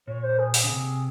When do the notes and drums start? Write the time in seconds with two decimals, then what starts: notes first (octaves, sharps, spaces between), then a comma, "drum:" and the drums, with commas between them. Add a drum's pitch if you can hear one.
0.07 A#2 C#5
0.23 C5
0.38 G#4
0.54 G#4, drum: open hi-hat
0.64 C#3
0.69 C3